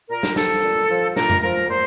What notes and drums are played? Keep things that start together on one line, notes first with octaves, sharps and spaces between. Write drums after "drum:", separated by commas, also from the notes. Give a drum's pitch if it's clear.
A#2 A#4
drum: snare
F3 A4, drum: snare
A#2
F3
A#2 A#4, drum: snare
drum: tom F2
F3 A#4
A#2 C5